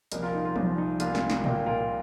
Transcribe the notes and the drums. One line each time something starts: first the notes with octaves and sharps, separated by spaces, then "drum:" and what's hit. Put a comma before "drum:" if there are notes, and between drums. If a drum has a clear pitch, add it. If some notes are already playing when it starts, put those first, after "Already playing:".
C2 A#2 F3 A#3 A#4 D#5, drum: hi-hat
F4 A#4
D#4
F4
C2 A#2 F3 A#3 F4, drum: tom
D#4
C2 A#2 A#3 F4, drum: hi-hat
drum: snare
drum: snare
C2 A#2 A#3 D#5 G5, drum: tom
F4 A#4